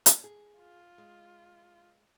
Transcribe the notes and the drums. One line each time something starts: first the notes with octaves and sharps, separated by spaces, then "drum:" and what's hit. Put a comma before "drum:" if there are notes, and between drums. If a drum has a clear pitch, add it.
drum: hi-hat
G#4
F4
G#3